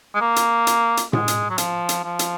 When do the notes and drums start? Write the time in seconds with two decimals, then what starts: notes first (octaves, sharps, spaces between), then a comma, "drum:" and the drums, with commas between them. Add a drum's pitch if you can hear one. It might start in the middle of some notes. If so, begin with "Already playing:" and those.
0.15 G#3
0.21 A#3
0.36 drum: hi-hat
0.67 drum: hi-hat
0.97 drum: hi-hat
1.13 G#3, drum: tom A2
1.28 drum: hi-hat
1.50 F#3
1.58 F3, drum: hi-hat
1.89 drum: hi-hat
2.04 F3
2.19 drum: hi-hat